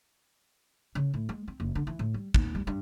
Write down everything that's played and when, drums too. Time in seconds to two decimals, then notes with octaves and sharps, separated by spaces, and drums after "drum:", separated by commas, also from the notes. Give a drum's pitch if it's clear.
0.95 C#3
1.14 A2
1.29 G#3
1.48 C4
1.60 F#1
1.75 D3
1.87 E3
1.99 A2
2.14 G3
2.34 D#2, drum: kick
2.55 G3
2.67 G2